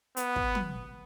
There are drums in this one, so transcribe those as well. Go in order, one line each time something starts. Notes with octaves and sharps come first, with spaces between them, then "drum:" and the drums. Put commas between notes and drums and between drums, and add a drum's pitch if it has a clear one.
B3, drum: hi-hat
drum: kick
drum: tom